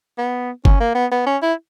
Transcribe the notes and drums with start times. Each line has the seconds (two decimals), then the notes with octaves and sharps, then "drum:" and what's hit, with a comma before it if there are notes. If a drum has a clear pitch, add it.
0.18 B3
0.65 C#4, drum: kick G1
0.80 A#3
0.95 B3
1.12 B3
1.26 C#4
1.42 E4